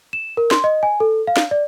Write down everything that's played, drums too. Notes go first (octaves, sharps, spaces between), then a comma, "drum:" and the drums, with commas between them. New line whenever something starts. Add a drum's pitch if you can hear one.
E7
A#4
C6, drum: snare
D#5
G#5
A4
F5
drum: snare
D5